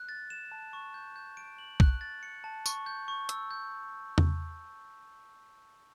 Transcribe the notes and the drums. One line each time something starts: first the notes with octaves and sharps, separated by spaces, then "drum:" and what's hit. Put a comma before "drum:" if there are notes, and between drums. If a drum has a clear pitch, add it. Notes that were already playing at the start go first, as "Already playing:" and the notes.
Already playing: F#6
A6
E7
A5
C#6
G6
G6
D7
F#7
F#6, drum: kick
A6
C#7
A5
C#6, drum: tambourine
G6
C#6
E6, drum: hi-hat
G6
drum: tom E2